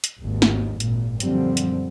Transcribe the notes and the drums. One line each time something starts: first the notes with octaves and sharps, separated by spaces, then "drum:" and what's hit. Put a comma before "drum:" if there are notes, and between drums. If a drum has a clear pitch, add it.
drum: hi-hat
G#1 D#2
drum: snare
G#1 A#2, drum: hi-hat
F#2 A#2 D3 F3 G3 C4, drum: hi-hat
drum: hi-hat